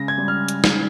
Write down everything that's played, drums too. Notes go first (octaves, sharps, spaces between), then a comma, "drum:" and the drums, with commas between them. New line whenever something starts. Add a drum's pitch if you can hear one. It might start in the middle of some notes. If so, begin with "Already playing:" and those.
Already playing: C#3 G#3 A#6
G#6
G3
F6
drum: hi-hat
drum: snare